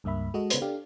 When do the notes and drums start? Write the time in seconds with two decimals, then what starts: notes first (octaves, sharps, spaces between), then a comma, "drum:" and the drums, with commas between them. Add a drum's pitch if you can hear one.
0.04 C#2 G2 A#3 E5 B5
0.34 G#3 F#4 A4 D#5
0.50 C#3 B3 B4 C5, drum: hi-hat
0.62 D4 G4 A4 F5